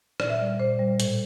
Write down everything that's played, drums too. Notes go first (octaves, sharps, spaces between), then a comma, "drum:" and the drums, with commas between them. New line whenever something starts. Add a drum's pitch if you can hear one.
A#2 D5, drum: rim click
E5
G3 D5
A#2 C5
G3
A2, drum: hi-hat